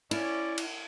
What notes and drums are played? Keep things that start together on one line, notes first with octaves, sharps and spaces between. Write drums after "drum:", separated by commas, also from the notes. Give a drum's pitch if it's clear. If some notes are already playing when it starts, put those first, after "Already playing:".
C#4 E4 D5, drum: cymbal
drum: cymbal